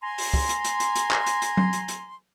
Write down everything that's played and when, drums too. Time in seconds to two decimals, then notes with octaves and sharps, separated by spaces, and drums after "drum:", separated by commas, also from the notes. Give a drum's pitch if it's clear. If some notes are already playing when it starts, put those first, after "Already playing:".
0.03 G#5 A#5 C6
0.18 drum: open hi-hat
0.34 drum: kick, open hi-hat
0.49 drum: hi-hat
0.65 drum: hi-hat
0.80 drum: hi-hat
0.95 drum: hi-hat
1.11 drum: clap
1.26 drum: hi-hat
1.42 drum: hi-hat
1.57 drum: tom F#3
1.73 drum: hi-hat
1.88 drum: hi-hat